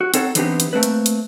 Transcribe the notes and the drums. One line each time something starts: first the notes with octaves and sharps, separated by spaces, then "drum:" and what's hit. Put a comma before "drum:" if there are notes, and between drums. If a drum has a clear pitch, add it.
F#4
C4 D#4 A4 C#5 F#5, drum: hi-hat
E3 B3 C4 D4 D#4 G4, drum: hi-hat
drum: hi-hat
A3 A#3 C4 B4
drum: hi-hat
drum: hi-hat